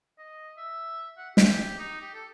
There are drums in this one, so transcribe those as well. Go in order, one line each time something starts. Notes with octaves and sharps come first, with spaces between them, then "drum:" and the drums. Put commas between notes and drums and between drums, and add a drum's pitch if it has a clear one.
D#5
E5
F#5
G4, drum: snare
D#4
G4
A4